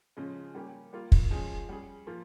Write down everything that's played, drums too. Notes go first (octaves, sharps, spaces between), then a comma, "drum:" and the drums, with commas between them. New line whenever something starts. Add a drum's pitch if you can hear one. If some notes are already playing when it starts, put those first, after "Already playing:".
C#3 F3 G#3 C#4
G3 A#3 C#4 G4
G3 A#3 F4
drum: kick
F3 G#3 C#4 G#4
G3 C#4 G#4
F3 A#3 F4